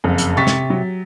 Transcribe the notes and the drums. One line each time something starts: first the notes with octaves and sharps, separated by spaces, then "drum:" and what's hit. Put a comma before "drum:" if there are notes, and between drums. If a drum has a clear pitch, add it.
F#1 F2
drum: hi-hat
C3 C#6 A6 B6
drum: snare
F#3